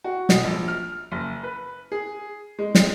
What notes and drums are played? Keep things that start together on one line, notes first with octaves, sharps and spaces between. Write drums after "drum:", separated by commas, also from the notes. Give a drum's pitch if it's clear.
F#4
B2, drum: snare
A#1
F6
F#1
B4
G#4
G#3
drum: snare